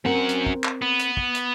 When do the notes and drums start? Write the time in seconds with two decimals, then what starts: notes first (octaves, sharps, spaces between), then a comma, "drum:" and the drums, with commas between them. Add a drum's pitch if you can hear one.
0.05 F#2 C4 A#4 F#5
0.29 drum: hi-hat
0.46 drum: kick
0.64 drum: clap
0.82 B3
0.99 drum: hi-hat
1.17 drum: kick
1.35 drum: hi-hat